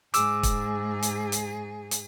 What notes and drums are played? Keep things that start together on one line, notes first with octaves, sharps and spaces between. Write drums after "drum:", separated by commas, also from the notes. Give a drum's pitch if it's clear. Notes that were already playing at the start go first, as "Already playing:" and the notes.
G#2 G#4 D6 E6, drum: hi-hat
drum: kick, hi-hat
drum: hi-hat
drum: hi-hat
drum: hi-hat